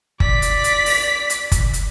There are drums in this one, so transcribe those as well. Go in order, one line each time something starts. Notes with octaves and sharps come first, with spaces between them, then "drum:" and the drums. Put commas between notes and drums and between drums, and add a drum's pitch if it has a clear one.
D5 B6, drum: kick F#1
drum: hi-hat
drum: hi-hat
drum: open hi-hat
drum: hi-hat
drum: kick F#1, hi-hat
drum: hi-hat